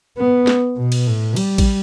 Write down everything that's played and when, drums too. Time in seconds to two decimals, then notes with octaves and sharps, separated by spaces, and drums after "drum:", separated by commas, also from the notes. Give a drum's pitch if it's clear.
0.18 B3
0.47 drum: snare
0.77 B2
0.92 drum: cymbal
1.07 A2
1.36 G3, drum: cymbal
1.58 drum: kick A1, cymbal